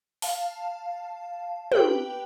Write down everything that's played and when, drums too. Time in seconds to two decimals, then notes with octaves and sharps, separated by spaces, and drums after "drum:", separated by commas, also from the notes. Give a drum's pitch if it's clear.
0.22 F5 A5, drum: open hi-hat
1.72 G4 B4 G5, drum: tom